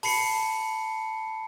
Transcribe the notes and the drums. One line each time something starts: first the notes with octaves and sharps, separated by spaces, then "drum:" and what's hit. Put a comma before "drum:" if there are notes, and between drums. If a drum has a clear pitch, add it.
A5 B5 C7 C#7, drum: open hi-hat